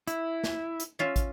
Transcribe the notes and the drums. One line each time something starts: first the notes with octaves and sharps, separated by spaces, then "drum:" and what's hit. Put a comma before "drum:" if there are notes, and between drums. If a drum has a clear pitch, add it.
E4, drum: hi-hat
drum: snare
drum: hi-hat
C#4 F4 E5
drum: kick, hi-hat